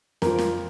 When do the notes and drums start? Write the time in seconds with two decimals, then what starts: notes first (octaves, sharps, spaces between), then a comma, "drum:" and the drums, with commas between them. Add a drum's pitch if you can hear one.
0.22 F2 F3 A#4, drum: snare
0.39 drum: snare